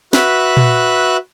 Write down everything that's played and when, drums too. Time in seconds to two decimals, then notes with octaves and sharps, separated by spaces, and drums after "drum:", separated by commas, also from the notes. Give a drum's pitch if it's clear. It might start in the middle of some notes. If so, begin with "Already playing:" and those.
0.13 F#4 B4 E5 F#6, drum: snare
0.57 drum: tom A#2